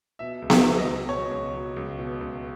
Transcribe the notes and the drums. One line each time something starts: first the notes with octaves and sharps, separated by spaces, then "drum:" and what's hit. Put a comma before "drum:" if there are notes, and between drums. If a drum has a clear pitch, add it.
B2 E5
C#2
E5, drum: snare B3
F#3
D#5
C#2
B2 C#5
C#2
F#3
C#2
B2
C#2